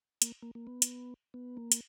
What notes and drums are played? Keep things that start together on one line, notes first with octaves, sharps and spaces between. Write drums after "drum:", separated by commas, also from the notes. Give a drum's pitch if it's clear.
A#3, drum: hi-hat
A#3
A#3
B3
drum: hi-hat
B3
A#3
drum: hi-hat